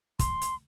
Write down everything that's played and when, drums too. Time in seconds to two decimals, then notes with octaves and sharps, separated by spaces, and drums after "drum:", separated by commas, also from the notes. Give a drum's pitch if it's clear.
0.19 C6, drum: kick, hi-hat
0.41 drum: hi-hat